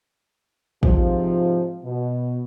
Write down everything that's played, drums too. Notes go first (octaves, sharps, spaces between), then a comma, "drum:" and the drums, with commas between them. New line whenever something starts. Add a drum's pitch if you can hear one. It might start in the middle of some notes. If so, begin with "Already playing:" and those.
G#2 C3 F3, drum: kick
B2